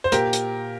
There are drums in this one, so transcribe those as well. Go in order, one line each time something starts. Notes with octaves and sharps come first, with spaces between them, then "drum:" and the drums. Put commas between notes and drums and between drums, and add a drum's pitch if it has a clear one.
C5
A#2 G4 A#4, drum: hi-hat
drum: hi-hat